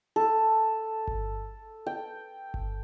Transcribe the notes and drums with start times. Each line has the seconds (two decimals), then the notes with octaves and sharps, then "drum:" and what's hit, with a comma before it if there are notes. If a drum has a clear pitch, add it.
0.16 A4
1.07 drum: kick G1
1.87 G5
2.54 drum: kick G1